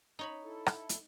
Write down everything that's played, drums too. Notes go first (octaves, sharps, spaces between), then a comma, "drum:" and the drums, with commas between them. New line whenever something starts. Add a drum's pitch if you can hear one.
D#4 C#5 B5
E4 A4
drum: rim click
drum: hi-hat